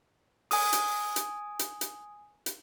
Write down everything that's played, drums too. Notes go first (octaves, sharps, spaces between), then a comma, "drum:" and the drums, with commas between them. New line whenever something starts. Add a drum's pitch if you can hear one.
G#5 D#6, drum: open hi-hat
drum: hi-hat
drum: hi-hat
drum: hi-hat
drum: hi-hat
drum: hi-hat